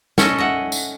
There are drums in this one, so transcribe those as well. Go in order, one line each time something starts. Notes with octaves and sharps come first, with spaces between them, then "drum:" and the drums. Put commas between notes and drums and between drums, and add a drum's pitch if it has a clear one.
C#4 A4 D#5, drum: snare
D#5 E5 F#5
drum: tambourine